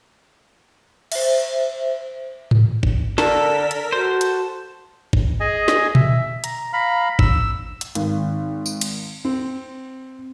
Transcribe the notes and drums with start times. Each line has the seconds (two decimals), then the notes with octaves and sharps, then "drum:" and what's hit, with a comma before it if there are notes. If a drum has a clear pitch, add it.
1.12 C5 E5, drum: cymbal
2.51 drum: tom G#2
2.83 drum: kick
3.18 D3 A4 A#4 D5 B6, drum: snare
3.71 drum: hi-hat
3.92 F#4 C5
4.21 drum: hi-hat
5.13 drum: kick
5.40 G#4 D#5 G#5
5.68 drum: snare
5.95 E5, drum: tom A#2
6.44 A#5, drum: hi-hat
6.73 F5 A#5 B5
7.19 E6, drum: kick
7.81 drum: hi-hat
7.95 G#1, drum: hi-hat
8.66 drum: tambourine
8.81 drum: cymbal
9.25 C4